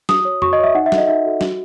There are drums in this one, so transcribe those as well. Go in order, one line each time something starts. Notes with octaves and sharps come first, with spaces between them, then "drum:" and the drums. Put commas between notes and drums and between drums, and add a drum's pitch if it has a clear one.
F#4 D#6, drum: snare
C#5
F#4 C#6, drum: tom F2
D#5
C#5 E5
D#4 F#5
E5
F#4 A4, drum: snare
D#5
D#4 E5
F#4 A4
F#4, drum: snare